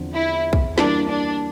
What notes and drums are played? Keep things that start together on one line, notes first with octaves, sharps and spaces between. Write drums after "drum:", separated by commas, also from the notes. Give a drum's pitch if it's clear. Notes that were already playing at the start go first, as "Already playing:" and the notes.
Already playing: E2 D3 F3 C4
E4
drum: kick B1
E3 G3 A#3 D4, drum: snare
D4